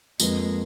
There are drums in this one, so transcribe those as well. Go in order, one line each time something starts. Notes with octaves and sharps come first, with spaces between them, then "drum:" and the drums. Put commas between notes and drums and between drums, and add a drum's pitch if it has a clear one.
F2 F3 G#3 A#3 F4 B4, drum: tambourine